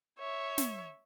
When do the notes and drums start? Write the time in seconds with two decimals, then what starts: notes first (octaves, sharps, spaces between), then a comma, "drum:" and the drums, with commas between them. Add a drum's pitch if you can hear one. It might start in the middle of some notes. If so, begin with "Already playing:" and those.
0.19 C#5 E5
0.58 drum: snare